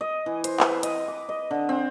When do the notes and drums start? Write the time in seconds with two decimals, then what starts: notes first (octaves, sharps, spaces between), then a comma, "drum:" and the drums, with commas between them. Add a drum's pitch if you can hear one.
0.01 D#5
0.26 E3
0.44 C5, drum: hi-hat
0.60 B4, drum: clap
0.83 D#5, drum: hi-hat
1.08 D6
1.29 D#5
1.51 D3
1.69 C4